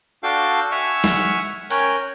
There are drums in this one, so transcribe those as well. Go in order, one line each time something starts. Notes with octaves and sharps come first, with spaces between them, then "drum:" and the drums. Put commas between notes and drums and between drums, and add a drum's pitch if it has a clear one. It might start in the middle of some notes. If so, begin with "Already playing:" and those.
D4 F#4 A4 F5 G5
E5 F#5 G#5 C#6 E6 F6
drum: snare
C#4 A#4 C#5 G5 G#5 F#6, drum: hi-hat